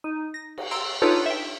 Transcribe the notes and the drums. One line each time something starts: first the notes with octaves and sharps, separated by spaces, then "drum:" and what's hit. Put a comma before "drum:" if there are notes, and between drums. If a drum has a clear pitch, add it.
D#4
A#6
drum: cymbal
A#5 C6 E6 D7
D4 D#4 F4 A4 B4 C#5
E5 G5